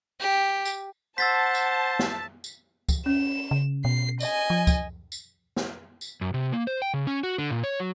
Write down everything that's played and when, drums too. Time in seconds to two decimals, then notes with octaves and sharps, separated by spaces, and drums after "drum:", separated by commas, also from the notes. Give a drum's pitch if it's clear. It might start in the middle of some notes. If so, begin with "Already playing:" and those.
0.20 G4
0.65 drum: tambourine
1.18 C5 F#5 A5 E6 A6 B6
1.55 drum: tambourine
1.99 drum: snare
2.44 drum: tambourine
2.89 drum: kick C#2, tambourine
3.06 C#4 E7
3.51 C#3
3.85 B2 C7
4.20 D#5 G#5, drum: tambourine
4.50 F3
4.67 drum: kick C#2, tambourine
5.12 drum: tambourine
5.56 drum: snare
6.01 drum: tambourine
6.21 F#2
6.34 C3
6.52 A#3
6.67 C5
6.82 G5
6.94 C#3
7.07 C#4
7.23 F#4
7.38 D3
7.51 A#2
7.63 C#5
7.80 F#3